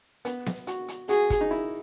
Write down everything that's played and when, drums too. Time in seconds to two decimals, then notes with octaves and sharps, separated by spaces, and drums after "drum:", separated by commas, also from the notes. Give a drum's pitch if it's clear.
0.25 B3, drum: hi-hat
0.46 drum: snare B3
0.67 F#4, drum: hi-hat
0.88 drum: hi-hat
1.09 F#4 G#4, drum: hi-hat
1.30 drum: kick, hi-hat
1.41 D#4
1.51 E4